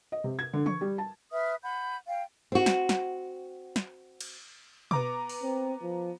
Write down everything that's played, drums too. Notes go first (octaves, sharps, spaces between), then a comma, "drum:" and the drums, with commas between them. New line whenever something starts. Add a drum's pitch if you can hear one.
D#5
C3
G#6
D3
C#6, drum: tom E3
G3
A5
B4 E5 D#6 F6
F#5 B5 G6
F5 G5
C4 F#4
drum: snare
drum: snare
drum: snare
drum: cymbal
B3 A#5 D6, drum: tom B2
drum: open hi-hat
C4
F3